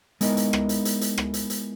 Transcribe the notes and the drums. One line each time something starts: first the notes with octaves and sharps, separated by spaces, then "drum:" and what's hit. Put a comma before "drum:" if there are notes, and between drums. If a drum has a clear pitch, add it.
G#3 B3 D#4 E4 A#4 D#5, drum: hi-hat
drum: hi-hat
drum: rim click
drum: hi-hat
drum: hi-hat
drum: hi-hat
drum: rim click
drum: hi-hat
drum: hi-hat